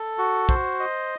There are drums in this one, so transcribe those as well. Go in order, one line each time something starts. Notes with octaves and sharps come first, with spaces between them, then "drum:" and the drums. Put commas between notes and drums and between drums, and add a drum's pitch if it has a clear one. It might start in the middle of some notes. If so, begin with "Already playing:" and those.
Already playing: A4
F#4
C5, drum: kick
D#5